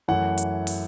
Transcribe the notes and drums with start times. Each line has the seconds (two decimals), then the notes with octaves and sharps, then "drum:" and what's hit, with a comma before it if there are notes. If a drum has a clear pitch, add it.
0.08 F#2 E3 A3 F#5
0.38 drum: hi-hat
0.67 drum: open hi-hat